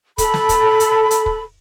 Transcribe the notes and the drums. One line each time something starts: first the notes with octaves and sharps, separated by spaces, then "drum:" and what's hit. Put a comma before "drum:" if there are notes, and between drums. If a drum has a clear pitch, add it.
A4 B5, drum: kick, hi-hat
drum: snare
drum: kick, hi-hat
drum: hi-hat
drum: hi-hat
drum: kick